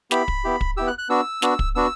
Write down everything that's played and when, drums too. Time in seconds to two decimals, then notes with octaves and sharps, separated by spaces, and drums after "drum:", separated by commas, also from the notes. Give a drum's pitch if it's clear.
0.11 B3 E4 G4 B5, drum: snare
0.28 drum: kick
0.44 B3 E4 G4
0.61 drum: kick
0.77 B3 E4 G4 E6
0.87 F#6
0.98 F#6
1.09 B3 D4 F#4 E6
1.42 B3 D4 F#4, drum: snare
1.59 drum: kick
1.75 B3 D4 F#4 E6